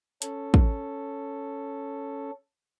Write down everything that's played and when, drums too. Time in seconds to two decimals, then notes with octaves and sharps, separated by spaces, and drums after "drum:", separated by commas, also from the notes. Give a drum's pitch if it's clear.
0.22 C#4 A4, drum: hi-hat
0.54 drum: kick